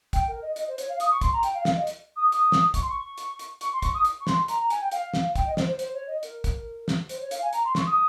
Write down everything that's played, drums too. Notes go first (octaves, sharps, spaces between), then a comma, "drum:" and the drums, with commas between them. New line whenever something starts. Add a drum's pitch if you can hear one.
G5, drum: kick, hi-hat
A#4
D#5
D#5, drum: hi-hat
C5
C#5, drum: hi-hat
F5
D#6, drum: hi-hat
C#6
C6, drum: kick, hi-hat
A#5
G5, drum: hi-hat
F5
F5, drum: snare
D#5
drum: hi-hat
D#6
D#6, drum: hi-hat
drum: snare
C#6, drum: kick, hi-hat
C6
C#6
drum: hi-hat
drum: hi-hat
C#6, drum: hi-hat
C6
C#6, drum: kick, hi-hat
D#6
drum: hi-hat
C#6
C6, drum: snare
A#5, drum: hi-hat
A#5
G#5, drum: hi-hat
G5
F5, drum: hi-hat
drum: snare
G5, drum: kick, hi-hat
D#5
C5, drum: snare
C5
C5, drum: hi-hat
C#5
D#5
A#4, drum: hi-hat
drum: kick, hi-hat
drum: snare
C5, drum: hi-hat
C#5
F5, drum: hi-hat
G#5
A#5, drum: hi-hat
C6
C#6, drum: snare
D#6